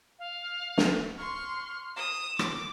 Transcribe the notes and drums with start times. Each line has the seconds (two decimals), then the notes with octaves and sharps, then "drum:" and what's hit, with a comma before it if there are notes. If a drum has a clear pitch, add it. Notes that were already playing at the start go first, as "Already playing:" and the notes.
0.19 F5
0.78 drum: snare
1.18 C6 C#6 F6
1.96 D#6 E7
2.39 D6, drum: rim click